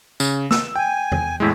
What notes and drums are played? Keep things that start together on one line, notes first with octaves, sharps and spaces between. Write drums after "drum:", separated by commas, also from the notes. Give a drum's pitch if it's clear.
C#3, drum: tambourine
E6, drum: snare
G5 G#5
drum: tom E2
E2 A2 G#3 E4